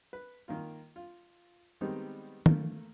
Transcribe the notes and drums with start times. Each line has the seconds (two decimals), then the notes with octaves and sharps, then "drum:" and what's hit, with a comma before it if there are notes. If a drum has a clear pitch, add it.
0.13 B4
0.48 D#3 A#3 F4
0.96 F4
1.81 D#3 G3 G#3 B3 C4 D#4
2.46 G2 A3 A#3, drum: tom